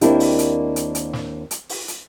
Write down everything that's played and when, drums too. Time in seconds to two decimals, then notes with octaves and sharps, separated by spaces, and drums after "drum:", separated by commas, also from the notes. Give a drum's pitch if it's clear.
0.01 D#2 A#3 C4 D4 E4 G4, drum: hi-hat
0.20 drum: open hi-hat
0.39 drum: hi-hat
0.76 drum: hi-hat
0.95 drum: hi-hat
1.13 drum: snare
1.51 drum: hi-hat
1.69 drum: open hi-hat
1.88 drum: hi-hat